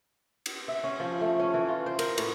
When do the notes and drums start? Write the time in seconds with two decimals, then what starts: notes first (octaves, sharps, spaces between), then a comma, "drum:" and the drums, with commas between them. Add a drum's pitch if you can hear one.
0.46 drum: cymbal
0.68 E5
0.84 C#4
1.00 F3
1.21 A3
1.40 C#4
1.54 E3
1.68 F4
1.86 C5
1.99 A#4, drum: cymbal
2.18 A2, drum: cymbal